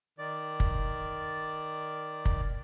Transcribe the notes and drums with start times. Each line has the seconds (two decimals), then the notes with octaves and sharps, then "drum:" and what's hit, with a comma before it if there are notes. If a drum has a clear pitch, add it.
0.18 D#3 D5
0.60 drum: kick
2.25 drum: kick